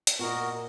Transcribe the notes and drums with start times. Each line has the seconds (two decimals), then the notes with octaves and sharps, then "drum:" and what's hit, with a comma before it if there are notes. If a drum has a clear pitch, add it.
0.07 drum: hi-hat
0.19 A#2 A#3 F#4 A#4 D#5